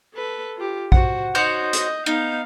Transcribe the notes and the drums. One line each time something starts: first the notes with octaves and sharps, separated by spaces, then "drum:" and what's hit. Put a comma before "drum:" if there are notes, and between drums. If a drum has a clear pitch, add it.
A4 B4
F4 G4
F#4 C5 F#5, drum: kick A#1
D#4 F#4 C5 C#5 G6
D#5, drum: hi-hat
B3 D#4 F5